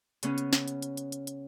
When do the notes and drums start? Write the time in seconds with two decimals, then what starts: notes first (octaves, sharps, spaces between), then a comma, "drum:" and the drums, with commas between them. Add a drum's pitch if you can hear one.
0.23 C#3 B3 C#4, drum: hi-hat
0.38 drum: hi-hat
0.53 drum: snare
0.68 drum: hi-hat
0.82 drum: hi-hat
0.97 drum: hi-hat
1.12 drum: hi-hat
1.27 drum: hi-hat